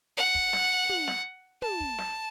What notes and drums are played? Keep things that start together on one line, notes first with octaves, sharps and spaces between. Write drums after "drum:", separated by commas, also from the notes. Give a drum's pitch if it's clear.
F#5
drum: kick
drum: snare
drum: tom
drum: snare
A5, drum: tom
drum: kick
drum: snare